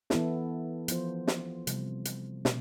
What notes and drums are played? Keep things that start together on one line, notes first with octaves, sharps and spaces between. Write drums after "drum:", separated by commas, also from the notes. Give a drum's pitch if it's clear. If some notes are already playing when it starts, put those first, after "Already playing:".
E3 B3 E4 A4, drum: snare
F3 B3 F4 C5, drum: hi-hat
drum: snare
C3 G3 B3, drum: hi-hat
drum: hi-hat
B2 A3, drum: snare